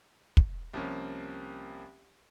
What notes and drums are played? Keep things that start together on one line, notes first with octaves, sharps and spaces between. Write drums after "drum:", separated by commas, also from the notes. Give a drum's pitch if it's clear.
drum: kick
C2 F3 A#3 C#4